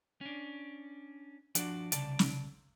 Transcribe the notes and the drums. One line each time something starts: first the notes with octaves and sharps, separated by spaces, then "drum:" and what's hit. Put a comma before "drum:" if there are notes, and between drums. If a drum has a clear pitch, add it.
C#4 D4
F3 D4 F#4 D5, drum: hi-hat
C2 C#3 D5 A5, drum: hi-hat
drum: snare